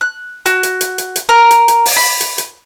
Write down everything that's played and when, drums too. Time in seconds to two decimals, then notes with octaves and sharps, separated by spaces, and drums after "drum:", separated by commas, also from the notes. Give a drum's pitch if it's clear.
0.01 F#6
0.46 F#4, drum: hi-hat
0.63 drum: hi-hat
0.81 drum: hi-hat
0.98 drum: hi-hat
1.16 drum: hi-hat
1.29 A#4
1.51 drum: hi-hat
1.68 drum: hi-hat
1.86 drum: open hi-hat
1.97 B5
2.20 drum: hi-hat
2.38 drum: hi-hat